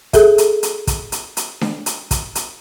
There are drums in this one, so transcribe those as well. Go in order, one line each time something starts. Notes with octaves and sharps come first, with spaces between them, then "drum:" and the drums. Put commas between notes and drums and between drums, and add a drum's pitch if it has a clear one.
G#4 A4 E5, drum: kick, hi-hat
drum: hi-hat
drum: hi-hat
drum: kick, hi-hat
drum: hi-hat
drum: hi-hat
drum: snare D4
drum: hi-hat
drum: kick, hi-hat
drum: hi-hat